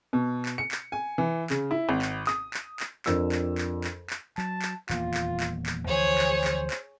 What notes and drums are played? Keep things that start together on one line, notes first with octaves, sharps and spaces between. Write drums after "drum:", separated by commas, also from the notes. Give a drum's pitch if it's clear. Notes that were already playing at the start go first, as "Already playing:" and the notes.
B2
drum: clap
C#7
drum: clap
G#5
E3
C#3, drum: clap
E4
G#1
drum: clap
D#6, drum: clap
drum: clap
drum: clap
F2 D4 A#4 E6, drum: clap
drum: clap
drum: clap
drum: clap
drum: clap
F#3 A5, drum: clap
drum: clap
D#1 E2 A#3 F4, drum: clap
drum: clap
drum: clap
drum: clap
D2 E3 F3 G#4 C5 C#5
drum: clap
drum: clap
drum: clap